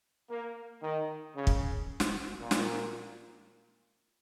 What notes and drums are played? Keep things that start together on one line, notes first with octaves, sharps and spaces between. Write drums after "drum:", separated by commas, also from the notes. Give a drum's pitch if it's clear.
A#3
D#3
C#3
drum: kick
drum: snare
A#2
drum: snare